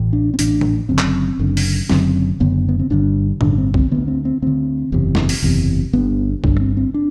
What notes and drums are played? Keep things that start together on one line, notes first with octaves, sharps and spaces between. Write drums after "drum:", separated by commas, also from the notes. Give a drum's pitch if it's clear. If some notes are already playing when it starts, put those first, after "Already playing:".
Already playing: A1 A2
D4
C4
A1 A2 D4, drum: hi-hat
drum: tom A2
F#1 F#2 D3 C4
drum: clap
F#1 F#2 D3
drum: open hi-hat
F#1 F#2 D3 C4, drum: snare
F#1 F#2 D3 B3
B3
C4
G1 G2 D3 D4
G1 G2 D3 D4, drum: tom A2
D4
C4
C4, drum: kick B1
D2 D3 B3
C4
C4
D2 D3 C4
F#1 E2 C3
drum: snare
drum: open hi-hat
F#1 E2 C3
G1 G2 D3 B3
G1 G2 D3, drum: kick B1
C4
C4
D4